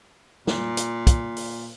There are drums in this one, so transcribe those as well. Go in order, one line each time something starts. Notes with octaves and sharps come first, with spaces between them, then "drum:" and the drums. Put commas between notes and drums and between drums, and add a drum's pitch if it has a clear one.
A#2, drum: snare
drum: hi-hat
drum: kick, hi-hat
drum: open hi-hat